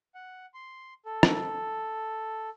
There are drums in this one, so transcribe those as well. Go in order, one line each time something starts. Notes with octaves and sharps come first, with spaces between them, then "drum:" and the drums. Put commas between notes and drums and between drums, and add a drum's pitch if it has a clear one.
F#5
C6
A4
drum: rim click